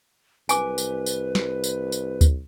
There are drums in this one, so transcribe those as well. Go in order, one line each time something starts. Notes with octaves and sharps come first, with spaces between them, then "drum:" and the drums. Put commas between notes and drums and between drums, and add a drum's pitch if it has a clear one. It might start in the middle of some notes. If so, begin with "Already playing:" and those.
C2 B4 G#5 D6, drum: tambourine
drum: tambourine
drum: tambourine
drum: snare
drum: tambourine
drum: tambourine
drum: kick D2, tambourine